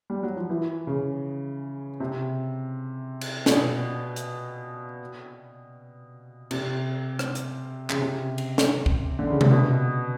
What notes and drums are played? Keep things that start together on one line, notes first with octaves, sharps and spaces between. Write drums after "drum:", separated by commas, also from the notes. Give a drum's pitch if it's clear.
G3
F#3
F3
E3
C#3
C3
drum: cymbal
A#2, drum: snare
B2
drum: hi-hat
C3, drum: cymbal
drum: rim click
drum: hi-hat
C#3, drum: clap
C3
drum: cymbal
drum: snare
drum: kick
D3
C#3
C3, drum: tom C3
B2